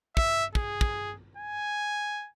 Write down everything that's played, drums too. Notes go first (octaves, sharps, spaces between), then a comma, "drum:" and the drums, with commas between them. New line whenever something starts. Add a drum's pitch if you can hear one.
E5, drum: kick
G#4, drum: kick
drum: kick
G#5